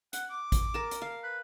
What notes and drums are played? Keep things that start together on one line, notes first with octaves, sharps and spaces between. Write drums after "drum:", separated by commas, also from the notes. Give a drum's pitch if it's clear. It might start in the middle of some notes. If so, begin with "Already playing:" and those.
F#5, drum: hi-hat
D6
drum: kick A1, hi-hat
A#4 A5
drum: hi-hat
F5
B4